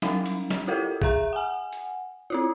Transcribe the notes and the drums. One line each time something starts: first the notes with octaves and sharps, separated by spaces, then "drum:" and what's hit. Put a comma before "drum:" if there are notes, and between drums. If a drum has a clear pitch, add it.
F#3 G3 C#4, drum: snare
drum: cymbal
drum: snare
E4 F4 G4 A4 A#4 F5
G#4 E5 A#5, drum: kick B1
F#5 G#5
drum: hi-hat
C4 E4 F4